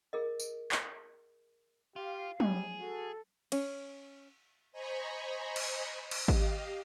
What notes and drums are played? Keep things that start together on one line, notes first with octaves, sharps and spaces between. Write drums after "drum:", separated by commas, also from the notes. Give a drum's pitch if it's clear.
G#4 A#4 D#5
drum: tambourine
drum: clap
F4 G4 F5
G3 G#4, drum: tom
F#4 A4
C#4, drum: cymbal
C5 D#5 G#5 A#5 B5 C#6
drum: cymbal
drum: cymbal
G4 D#5 F5, drum: kick G#1